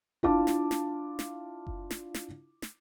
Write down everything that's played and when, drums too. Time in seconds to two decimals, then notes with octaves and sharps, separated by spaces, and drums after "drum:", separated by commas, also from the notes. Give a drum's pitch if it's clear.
0.23 D4 E4 F4 F5 A5 D6, drum: kick F#1
0.47 drum: snare
0.71 drum: snare
1.19 drum: snare
1.67 drum: kick F#1
1.91 drum: snare
2.14 drum: snare
2.62 drum: snare